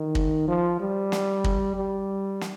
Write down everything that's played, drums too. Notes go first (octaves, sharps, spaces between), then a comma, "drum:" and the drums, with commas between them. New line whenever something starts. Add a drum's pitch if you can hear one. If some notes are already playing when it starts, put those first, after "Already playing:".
Already playing: D#3
drum: kick
F3
G3
drum: snare
drum: kick
G3
drum: snare